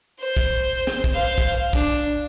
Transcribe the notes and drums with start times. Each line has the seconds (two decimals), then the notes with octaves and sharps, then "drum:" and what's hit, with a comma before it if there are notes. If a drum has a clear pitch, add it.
0.20 C5
0.37 drum: kick
0.87 drum: snare
1.04 drum: kick
1.14 C5 F5
1.38 drum: kick
1.73 D4, drum: kick